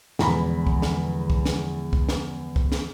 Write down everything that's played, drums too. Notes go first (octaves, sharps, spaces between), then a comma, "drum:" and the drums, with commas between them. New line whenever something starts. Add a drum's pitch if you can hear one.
E2 D3 F3 G#3 A#5 B5, drum: snare
drum: kick C2
drum: snare
drum: kick C2
drum: snare
drum: kick C2
drum: snare
drum: kick C2
drum: snare